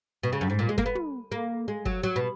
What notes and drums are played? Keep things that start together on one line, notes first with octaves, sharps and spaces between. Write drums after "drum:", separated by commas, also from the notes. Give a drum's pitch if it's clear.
B2
C#3
F#2
G#2
A#2
G#3
A#3, drum: kick F#1
B3
drum: tom
A#3
G#3
F#3, drum: kick F#1
F#3
B2